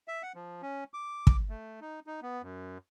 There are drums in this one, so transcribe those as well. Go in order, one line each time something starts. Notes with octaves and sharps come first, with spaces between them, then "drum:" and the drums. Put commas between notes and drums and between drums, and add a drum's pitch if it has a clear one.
E5
F#5
F3
C#4
D6
drum: kick
A3
D#4
D#4
B3
F#2